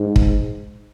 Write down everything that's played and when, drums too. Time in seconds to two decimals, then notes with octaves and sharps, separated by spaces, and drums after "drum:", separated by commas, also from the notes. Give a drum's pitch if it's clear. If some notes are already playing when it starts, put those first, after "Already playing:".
Already playing: G#2
0.16 drum: kick